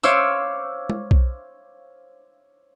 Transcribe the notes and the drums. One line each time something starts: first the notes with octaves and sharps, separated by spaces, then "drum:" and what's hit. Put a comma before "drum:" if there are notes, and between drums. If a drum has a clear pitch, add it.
C5 C#5 F5 D6 E6, drum: tambourine
drum: tom G#3
drum: kick B1